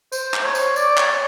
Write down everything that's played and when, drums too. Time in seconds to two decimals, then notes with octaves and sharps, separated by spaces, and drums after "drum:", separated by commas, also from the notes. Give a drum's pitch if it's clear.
0.12 C5, drum: tambourine
0.34 drum: clap
0.45 C#5
0.55 drum: tambourine
0.76 D5, drum: tambourine
0.97 C#5, drum: clap